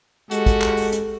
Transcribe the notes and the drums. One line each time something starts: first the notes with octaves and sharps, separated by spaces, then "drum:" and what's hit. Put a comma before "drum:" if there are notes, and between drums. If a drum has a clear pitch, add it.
G#3 F#4 G4 A4, drum: hi-hat
drum: kick, hi-hat
drum: clap
drum: open hi-hat
drum: hi-hat